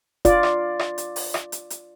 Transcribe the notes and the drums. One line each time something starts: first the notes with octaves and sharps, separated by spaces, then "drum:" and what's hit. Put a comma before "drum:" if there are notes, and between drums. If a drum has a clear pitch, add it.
F4 D5, drum: kick F1, hi-hat
drum: rim click
drum: rim click
drum: hi-hat
drum: open hi-hat
drum: rim click
drum: hi-hat
drum: hi-hat